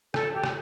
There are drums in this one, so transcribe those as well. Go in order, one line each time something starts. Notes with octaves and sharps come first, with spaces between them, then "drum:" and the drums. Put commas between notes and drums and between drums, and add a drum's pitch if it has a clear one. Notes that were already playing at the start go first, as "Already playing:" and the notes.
A4, drum: rim click
G4
drum: rim click